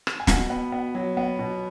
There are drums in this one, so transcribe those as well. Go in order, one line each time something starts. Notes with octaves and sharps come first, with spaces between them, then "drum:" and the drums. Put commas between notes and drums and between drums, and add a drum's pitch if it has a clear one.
drum: rim click
G#5
B2 F#5, drum: snare
B3
B3
F#3
B3
B2